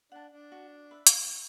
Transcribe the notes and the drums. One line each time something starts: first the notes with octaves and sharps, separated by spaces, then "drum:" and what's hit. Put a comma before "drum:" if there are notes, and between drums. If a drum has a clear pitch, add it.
D4 F#5 A5
D4
F#4
B4 E5
drum: hi-hat